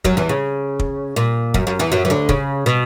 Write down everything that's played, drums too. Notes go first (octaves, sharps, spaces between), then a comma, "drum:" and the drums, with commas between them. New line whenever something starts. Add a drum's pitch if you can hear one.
F#2 F#3, drum: kick
E2 E3
C#3
drum: kick
A#2
F#2, drum: kick
F#2
E2 E3
F#2 F#3
E3
D2 D3
C#3, drum: kick
B2